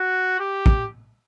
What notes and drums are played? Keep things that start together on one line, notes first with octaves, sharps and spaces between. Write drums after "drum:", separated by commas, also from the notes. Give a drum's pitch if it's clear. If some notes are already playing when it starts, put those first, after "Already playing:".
Already playing: F#4
G4
drum: kick